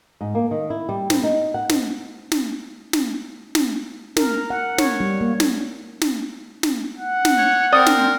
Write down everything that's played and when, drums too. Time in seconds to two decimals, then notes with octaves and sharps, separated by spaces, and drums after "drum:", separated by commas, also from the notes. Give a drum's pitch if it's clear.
0.21 G#2
0.35 A#3
0.51 D#3
0.70 E4
0.89 G3
1.10 C5, drum: snare
1.23 D#4
1.54 F#5
1.69 C5, drum: snare
2.32 drum: snare
2.93 drum: snare
3.55 drum: snare
4.17 A#4, drum: snare
4.50 F#5
4.78 C#5, drum: snare
5.00 G3
5.21 A#3
5.40 drum: snare
6.01 drum: snare
6.63 drum: snare
6.98 F#5
7.25 drum: snare
7.38 C#5
7.73 C4 A#4 D5 D#6
7.86 drum: snare